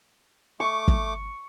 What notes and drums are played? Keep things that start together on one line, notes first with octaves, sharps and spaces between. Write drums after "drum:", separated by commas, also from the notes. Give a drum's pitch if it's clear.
A3 C#6 D6
drum: kick